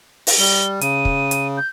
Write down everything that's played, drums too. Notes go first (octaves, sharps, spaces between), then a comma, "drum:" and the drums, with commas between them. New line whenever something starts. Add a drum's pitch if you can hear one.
drum: open hi-hat
G3 G7
C#3 D#7, drum: hi-hat
drum: kick
drum: hi-hat
G6